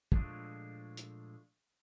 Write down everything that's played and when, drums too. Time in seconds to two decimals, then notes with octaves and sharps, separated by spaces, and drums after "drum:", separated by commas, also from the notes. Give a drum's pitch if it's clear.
0.12 A#2 F3 G#3 A3 D4, drum: kick
0.97 drum: hi-hat